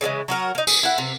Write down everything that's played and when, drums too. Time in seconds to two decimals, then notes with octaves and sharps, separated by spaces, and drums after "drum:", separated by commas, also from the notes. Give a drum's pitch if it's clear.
0.01 C#3 E3 F3 G#3
0.28 F#3 F#4 A#4
0.55 A#3 D#4
0.67 G#4, drum: tambourine
0.83 E4 F#5
0.98 C3